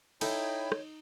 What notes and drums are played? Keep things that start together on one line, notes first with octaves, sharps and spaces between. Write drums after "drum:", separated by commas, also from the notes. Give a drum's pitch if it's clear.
D#4 E4 A4 C#5 G5 B5, drum: cymbal
drum: rim click